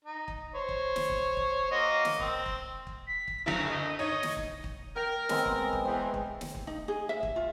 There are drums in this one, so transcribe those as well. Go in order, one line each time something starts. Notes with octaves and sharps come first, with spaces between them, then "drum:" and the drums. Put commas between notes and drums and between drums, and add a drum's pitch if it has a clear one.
D#4
drum: kick
C5 C#5
drum: kick
drum: snare
drum: kick
drum: kick
A#3 F#4 D#5
drum: snare
C4, drum: kick
drum: kick
drum: kick
B6
drum: kick
F#1 D2 E4 A#5
D#5
D#4 C#5 D#5
drum: snare
drum: kick
drum: kick
A#4 G5
G#3 B3 C4, drum: snare
drum: kick
drum: kick
E2 C4
drum: kick
drum: snare
drum: kick
D#4
G#4
E5
drum: kick
F4